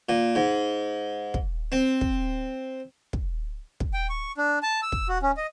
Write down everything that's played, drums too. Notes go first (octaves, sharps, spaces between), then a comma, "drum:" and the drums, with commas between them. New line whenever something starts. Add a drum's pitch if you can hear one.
A#2
G#2
drum: kick
C4
drum: kick
drum: kick
drum: kick
G5
C#6
D4
A5
E6
drum: kick
F#4
C#4
D#5